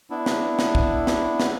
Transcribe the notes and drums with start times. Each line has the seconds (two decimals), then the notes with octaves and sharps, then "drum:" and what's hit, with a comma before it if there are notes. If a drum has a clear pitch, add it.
0.10 B3 D4 E4
0.26 drum: snare
0.59 drum: snare
0.75 drum: kick
1.07 drum: snare
1.40 drum: snare